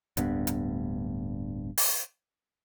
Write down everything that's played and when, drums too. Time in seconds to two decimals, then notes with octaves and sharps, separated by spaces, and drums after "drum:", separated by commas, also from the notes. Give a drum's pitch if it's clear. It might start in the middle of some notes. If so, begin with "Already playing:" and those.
0.17 D1 D2 G2 B3, drum: hi-hat
0.47 drum: hi-hat
1.78 drum: open hi-hat